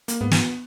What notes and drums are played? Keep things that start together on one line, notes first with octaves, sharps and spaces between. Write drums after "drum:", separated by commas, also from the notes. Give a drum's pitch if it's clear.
A#3, drum: hi-hat
G#2 B3
drum: snare